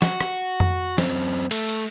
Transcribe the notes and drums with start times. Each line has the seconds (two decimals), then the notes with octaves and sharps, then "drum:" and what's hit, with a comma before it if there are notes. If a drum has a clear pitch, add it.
0.02 F#4, drum: snare
0.20 drum: rim click
0.60 drum: tom F2
0.98 F#2 C4, drum: snare
1.51 A3, drum: cymbal
1.69 drum: hi-hat